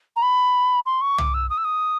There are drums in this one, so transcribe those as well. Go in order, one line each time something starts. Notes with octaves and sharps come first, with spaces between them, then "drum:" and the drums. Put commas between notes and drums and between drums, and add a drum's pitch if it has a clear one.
A#5
B5
C6
C#6
D6, drum: tom
E6
D#6
E6
D#6